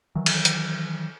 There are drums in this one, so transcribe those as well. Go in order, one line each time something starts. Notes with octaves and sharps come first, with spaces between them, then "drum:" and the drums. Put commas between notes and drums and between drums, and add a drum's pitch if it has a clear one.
D#3 E3 F#3
drum: cymbal
drum: hi-hat